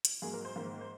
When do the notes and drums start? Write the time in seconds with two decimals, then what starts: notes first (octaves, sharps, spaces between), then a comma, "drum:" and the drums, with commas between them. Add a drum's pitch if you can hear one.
0.05 drum: hi-hat
0.22 G#2 F#3 A#3 G#4
0.34 A#4
0.45 C5
0.56 G#2 D#3 A#3
0.81 C5